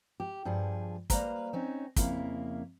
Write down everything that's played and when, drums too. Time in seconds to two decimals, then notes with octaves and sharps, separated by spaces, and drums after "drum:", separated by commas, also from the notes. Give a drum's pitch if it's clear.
0.20 G4
0.45 G2 F3 G#4
1.10 G3 A#3 B4 C5 A#5, drum: kick, hi-hat
1.53 C4 C#4 D#4
1.96 F2 C#3 A#3 E4 A#4, drum: kick, hi-hat